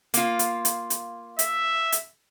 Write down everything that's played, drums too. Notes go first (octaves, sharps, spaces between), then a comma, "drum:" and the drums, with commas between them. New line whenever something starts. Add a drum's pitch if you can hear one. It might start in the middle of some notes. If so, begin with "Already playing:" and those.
A#3 F4, drum: hi-hat
drum: hi-hat
drum: hi-hat
drum: hi-hat
E5, drum: hi-hat
drum: hi-hat